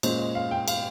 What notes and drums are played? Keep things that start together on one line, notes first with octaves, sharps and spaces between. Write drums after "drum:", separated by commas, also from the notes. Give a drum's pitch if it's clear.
A#2 G#3 C#4 C5, drum: cymbal
D#5
F5
G5
F5, drum: cymbal